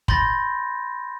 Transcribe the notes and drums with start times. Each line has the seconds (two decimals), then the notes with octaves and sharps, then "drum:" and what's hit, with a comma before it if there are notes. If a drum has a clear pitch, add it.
0.08 B5 C6 G6 A6 A#6, drum: kick